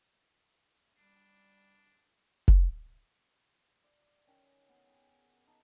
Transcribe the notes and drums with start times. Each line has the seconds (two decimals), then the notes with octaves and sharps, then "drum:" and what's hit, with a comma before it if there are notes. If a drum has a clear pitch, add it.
0.96 G3 D4
2.48 drum: kick F1
3.84 D5
4.27 D#3 C#4
4.69 B3 G#4
5.47 D#4 D#5 A5